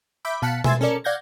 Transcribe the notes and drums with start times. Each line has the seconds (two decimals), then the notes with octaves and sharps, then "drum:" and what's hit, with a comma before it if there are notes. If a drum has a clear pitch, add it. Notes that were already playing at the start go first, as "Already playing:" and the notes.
0.25 E5 B5 D6 G6
0.42 B2 F5 A5 F#6 B6 C#7
0.64 E5 G#5 C6 E6 G#6 A6, drum: tom B2
0.81 C#4 A4 A#4 D5 C#7
1.04 D5 F5 F#5 G6 G#6 A#6